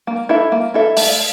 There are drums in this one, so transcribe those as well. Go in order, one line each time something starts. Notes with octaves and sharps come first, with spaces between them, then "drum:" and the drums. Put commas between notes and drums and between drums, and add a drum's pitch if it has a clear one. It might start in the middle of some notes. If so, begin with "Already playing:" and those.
A#3
E4 A4 E5
A#3
E4 A4 E5
A3, drum: open hi-hat